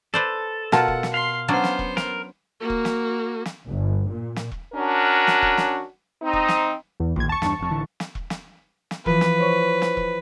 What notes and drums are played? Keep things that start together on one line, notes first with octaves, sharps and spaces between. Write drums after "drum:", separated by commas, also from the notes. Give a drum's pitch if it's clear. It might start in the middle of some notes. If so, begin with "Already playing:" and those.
A4 B4 C5 D5
B2 F4 F#4 A#4 F#5 A5, drum: snare
drum: kick E1
drum: snare
F5 C6
F#3 B3 C#4 D4 C5
drum: snare
drum: kick E1
A#4, drum: snare
A#3 F#4
drum: kick E1
drum: snare
drum: snare
G1
A#2
drum: snare
drum: kick E1
C#4 D4 F#4 A#4
drum: snare
drum: kick E1
drum: snare
C4 D#4
drum: kick E1
drum: snare
E2
D1 A#1 D#2 G#6
A5 C#6
E2 G2 D4, drum: snare
F1 F2
A1 D3 E3
drum: snare
drum: kick E1
drum: snare
drum: snare
E3 F3 B4, drum: kick E1
drum: snare
C5 C#5 C#6
drum: snare
drum: kick E1